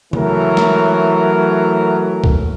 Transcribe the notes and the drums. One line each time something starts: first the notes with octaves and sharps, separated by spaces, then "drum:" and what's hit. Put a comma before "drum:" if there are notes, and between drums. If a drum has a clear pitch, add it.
E3 F#3 A3 A#4, drum: tom C#3
drum: snare
drum: kick C2